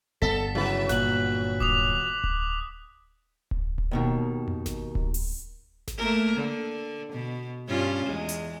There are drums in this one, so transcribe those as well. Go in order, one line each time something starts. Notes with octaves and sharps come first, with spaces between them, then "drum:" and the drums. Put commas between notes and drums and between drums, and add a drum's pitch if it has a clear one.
G1 B3 A4 B6
C#3 F#3 E4 B4
A#2 F#6 F#7, drum: snare G#1
D6 D#6 F7, drum: kick D1
drum: kick D1
drum: kick D1
drum: kick D1
D#2 B2 D#3
drum: tom F2
drum: snare G#1
drum: kick D1
drum: open hi-hat
drum: snare G#1
A3 A#3 A#4
D3
B2
G2 C#4 F4
E2 G#3
drum: hi-hat